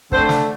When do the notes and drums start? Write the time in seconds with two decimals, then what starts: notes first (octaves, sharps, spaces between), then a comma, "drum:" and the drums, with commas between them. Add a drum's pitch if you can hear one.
0.12 D3 A3 C4 D4 C5, drum: kick
0.29 drum: snare